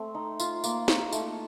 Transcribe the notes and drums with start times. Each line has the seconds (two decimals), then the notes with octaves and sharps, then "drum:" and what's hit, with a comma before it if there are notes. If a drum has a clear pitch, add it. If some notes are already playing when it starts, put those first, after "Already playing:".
Already playing: A3 C4
0.15 D#4
0.40 F4, drum: tambourine
0.64 A#3, drum: tambourine
0.88 D#4 C#6, drum: snare
1.13 A3, drum: tambourine